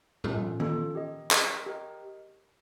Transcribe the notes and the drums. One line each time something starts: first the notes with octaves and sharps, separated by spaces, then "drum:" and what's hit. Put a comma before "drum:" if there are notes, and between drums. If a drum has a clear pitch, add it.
C#4 F4 A4, drum: tom G#2
C#4 F4 A4, drum: tom D#3
G4 A#4 D#5
G4 A#4 D#5, drum: clap
G4 A#4 D#5